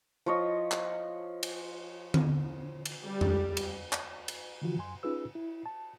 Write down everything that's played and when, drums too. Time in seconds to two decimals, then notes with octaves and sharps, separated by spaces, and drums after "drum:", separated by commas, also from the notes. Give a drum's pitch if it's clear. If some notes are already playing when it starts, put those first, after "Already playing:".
0.26 F3 C#5 D#5
0.71 drum: clap
1.43 drum: cymbal
2.14 drum: tom D3
2.85 drum: cymbal
3.04 G3
3.21 drum: tom F2
3.57 drum: cymbal
3.93 drum: clap
4.28 drum: cymbal
4.62 D3 E3 F3 F4 F#4
4.78 F#2 G#5 C6
5.03 C#4 D#4 F4 G#4 B4 E6
5.35 E4
5.66 A5